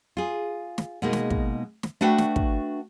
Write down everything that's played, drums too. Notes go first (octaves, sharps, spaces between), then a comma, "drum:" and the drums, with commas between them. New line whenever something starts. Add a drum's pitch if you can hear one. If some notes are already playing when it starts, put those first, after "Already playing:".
F4 G#4
drum: snare
B2 G#3 A#3 D#4
drum: snare
drum: kick
drum: snare
A3 D4 F#4 B4 F#5 G5
drum: snare
drum: kick